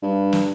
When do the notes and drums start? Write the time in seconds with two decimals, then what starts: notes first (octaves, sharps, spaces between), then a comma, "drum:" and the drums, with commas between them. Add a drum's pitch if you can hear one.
0.02 G2
0.33 drum: snare